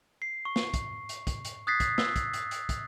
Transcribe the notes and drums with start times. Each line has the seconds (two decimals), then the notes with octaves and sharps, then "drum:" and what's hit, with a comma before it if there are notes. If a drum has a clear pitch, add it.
0.22 C7
0.45 C#6
0.56 drum: snare
0.74 drum: kick, hi-hat
1.09 drum: hi-hat
1.27 drum: kick, hi-hat
1.45 drum: hi-hat
1.67 D#6 F#6 G#6 A6 B6 C7
1.80 drum: kick, hi-hat
1.98 E6, drum: snare
2.16 drum: kick, hi-hat
2.33 drum: hi-hat
2.51 drum: hi-hat
2.69 drum: kick, hi-hat